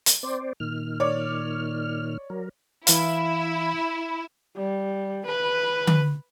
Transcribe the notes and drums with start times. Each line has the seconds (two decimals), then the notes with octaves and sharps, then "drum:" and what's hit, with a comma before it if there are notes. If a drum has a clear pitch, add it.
0.06 drum: hi-hat
0.23 C4 C5 D5
0.60 A#2 D#3 F6
1.00 C#5 D5 D6
2.30 F#3 A#4
2.87 E3 E4 F5, drum: hi-hat
4.56 G3
5.25 B4
5.87 drum: tom D3